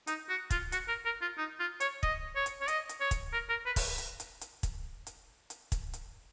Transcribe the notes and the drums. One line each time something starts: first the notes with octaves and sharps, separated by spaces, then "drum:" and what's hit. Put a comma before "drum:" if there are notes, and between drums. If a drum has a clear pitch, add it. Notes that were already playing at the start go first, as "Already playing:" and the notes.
D#4, drum: hi-hat
F#4
F4, drum: kick, hi-hat
F#4, drum: hi-hat
A#4
A#4
F4
D#4
F4
C#5, drum: hi-hat
D#5, drum: kick
C#5
drum: hi-hat
C#5
D#5, drum: hi-hat
drum: hi-hat
C#5
drum: kick, hi-hat
A#4
A#4
B4
drum: kick, open hi-hat
drum: hi-hat
drum: hi-hat
drum: hi-hat
drum: kick, hi-hat
drum: hi-hat
drum: hi-hat
drum: kick, hi-hat
drum: hi-hat